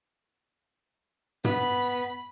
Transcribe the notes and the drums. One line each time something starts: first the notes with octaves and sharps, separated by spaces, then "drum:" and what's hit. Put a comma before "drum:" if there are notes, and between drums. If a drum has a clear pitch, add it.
B3 B5 B6, drum: tom